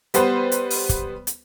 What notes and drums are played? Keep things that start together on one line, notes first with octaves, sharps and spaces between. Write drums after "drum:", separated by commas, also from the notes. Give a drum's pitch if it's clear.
G3 B3 B4 C5, drum: hi-hat
drum: hi-hat
drum: open hi-hat
drum: kick, hi-hat
drum: hi-hat